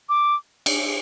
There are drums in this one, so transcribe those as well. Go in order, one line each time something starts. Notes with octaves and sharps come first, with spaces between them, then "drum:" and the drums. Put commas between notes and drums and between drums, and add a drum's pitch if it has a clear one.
D6
drum: cymbal